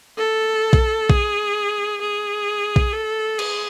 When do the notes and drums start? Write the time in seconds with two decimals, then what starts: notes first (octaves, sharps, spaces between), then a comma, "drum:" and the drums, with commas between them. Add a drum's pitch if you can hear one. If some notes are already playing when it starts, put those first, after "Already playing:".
0.18 A4
0.73 drum: kick B1
1.10 G#4, drum: kick B1
2.01 G#4
2.76 drum: kick B1
2.93 A4
3.39 G#4, drum: cymbal